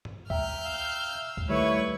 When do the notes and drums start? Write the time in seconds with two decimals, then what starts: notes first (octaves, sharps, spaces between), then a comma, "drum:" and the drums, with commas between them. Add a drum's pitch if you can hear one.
0.05 drum: tom G2
0.30 E5 G5 A#5 F6 G6, drum: kick C#2
0.65 F5 E6
1.37 drum: kick C#2
1.49 D#3 G3 A3 E4 B4 C#5 C#6